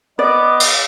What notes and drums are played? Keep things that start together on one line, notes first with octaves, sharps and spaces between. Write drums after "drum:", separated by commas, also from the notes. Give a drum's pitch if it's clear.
B3 D5 D#5 D6
drum: cymbal